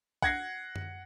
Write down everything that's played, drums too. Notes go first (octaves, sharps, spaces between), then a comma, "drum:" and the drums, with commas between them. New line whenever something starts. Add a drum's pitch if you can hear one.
F#5 G#6 A#6 C7, drum: kick
drum: tom F#2